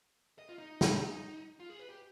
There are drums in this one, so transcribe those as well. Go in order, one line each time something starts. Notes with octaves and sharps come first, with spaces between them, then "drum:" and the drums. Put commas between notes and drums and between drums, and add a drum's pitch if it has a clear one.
D#5
F4
D#4
drum: snare
D#4
F4
G#4
B4
G4